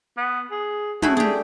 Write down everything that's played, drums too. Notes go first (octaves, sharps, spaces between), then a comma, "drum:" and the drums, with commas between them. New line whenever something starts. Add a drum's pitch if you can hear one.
B3
G#4
A3 E4 F#4 G#4, drum: tom
D4 G4 G#4